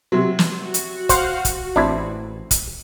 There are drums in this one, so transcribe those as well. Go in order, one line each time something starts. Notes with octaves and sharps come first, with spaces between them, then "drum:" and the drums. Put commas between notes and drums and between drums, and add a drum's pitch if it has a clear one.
C3 F#3
drum: snare
F#4
drum: hi-hat
C5 F5 F#5 G6, drum: kick, hi-hat
drum: kick, hi-hat
A1 C4 D4 E4
drum: kick, hi-hat